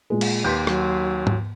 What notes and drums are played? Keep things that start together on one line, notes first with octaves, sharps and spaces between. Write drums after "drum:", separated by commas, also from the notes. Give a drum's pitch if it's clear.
A#2 G#3
drum: cymbal
D#2 G4 B4 C6 G6 B6
F#3, drum: rim click
drum: tom G#2